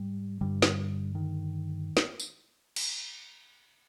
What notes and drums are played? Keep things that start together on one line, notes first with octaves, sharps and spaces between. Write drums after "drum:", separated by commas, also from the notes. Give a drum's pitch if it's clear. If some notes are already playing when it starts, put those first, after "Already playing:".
Already playing: G#2 G3
G2 D3 G3
drum: snare
D#3
drum: snare
drum: tambourine
drum: cymbal